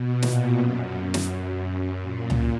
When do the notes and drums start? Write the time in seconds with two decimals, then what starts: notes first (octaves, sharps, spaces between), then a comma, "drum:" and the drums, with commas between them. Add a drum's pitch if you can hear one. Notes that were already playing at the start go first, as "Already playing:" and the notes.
Already playing: B2
0.22 A#2, drum: snare
0.58 F#2
1.14 drum: snare
1.30 F#2
2.02 A#2
2.30 drum: tom C#2